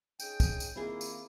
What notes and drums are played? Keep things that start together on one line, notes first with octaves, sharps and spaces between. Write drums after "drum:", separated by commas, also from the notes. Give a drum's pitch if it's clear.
C#4 D#4 G#4 G5, drum: tambourine
drum: kick, tambourine
drum: tambourine
D#3 A#3 C4 E4 F4 G#4
drum: tambourine